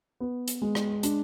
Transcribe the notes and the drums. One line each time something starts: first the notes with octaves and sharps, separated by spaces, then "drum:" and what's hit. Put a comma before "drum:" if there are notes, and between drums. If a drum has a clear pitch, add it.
B3
drum: hi-hat
G#3
drum: rim click
D4, drum: hi-hat